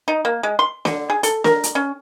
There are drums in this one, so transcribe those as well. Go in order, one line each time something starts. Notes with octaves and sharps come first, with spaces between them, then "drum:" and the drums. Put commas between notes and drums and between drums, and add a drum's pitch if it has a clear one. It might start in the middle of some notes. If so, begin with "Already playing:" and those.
D#4
A#3
G#3
C6
D3, drum: snare
G#4
A4, drum: hi-hat
A#4, drum: snare
drum: hi-hat
C#4